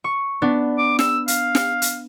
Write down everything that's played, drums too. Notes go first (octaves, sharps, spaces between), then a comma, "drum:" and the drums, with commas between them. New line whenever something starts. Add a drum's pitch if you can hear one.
C#6
B3 D4
D6
E6, drum: snare
F5, drum: hi-hat
drum: snare
drum: hi-hat